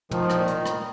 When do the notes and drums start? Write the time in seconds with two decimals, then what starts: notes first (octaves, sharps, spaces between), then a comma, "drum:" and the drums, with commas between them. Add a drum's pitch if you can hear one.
0.11 D#3 F3, drum: tom
0.30 A#2, drum: rim click
0.48 drum: hi-hat
0.66 drum: rim click